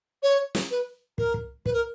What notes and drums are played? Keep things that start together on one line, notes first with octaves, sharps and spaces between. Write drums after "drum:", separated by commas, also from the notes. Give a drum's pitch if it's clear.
C#5
drum: snare
B4
A#4, drum: kick
drum: kick
B4, drum: kick
A#4